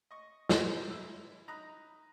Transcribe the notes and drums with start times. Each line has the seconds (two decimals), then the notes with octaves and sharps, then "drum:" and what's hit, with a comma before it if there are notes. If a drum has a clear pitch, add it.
0.11 D#5 C#6
0.49 A#4 C5 A#5, drum: snare
0.90 E4 E6
1.48 D#4 A#5 B5 D#6 F#6